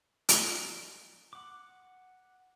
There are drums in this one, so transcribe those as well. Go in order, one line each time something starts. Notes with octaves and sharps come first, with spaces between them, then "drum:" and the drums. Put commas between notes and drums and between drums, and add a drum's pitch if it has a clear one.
drum: hi-hat
F#5 D6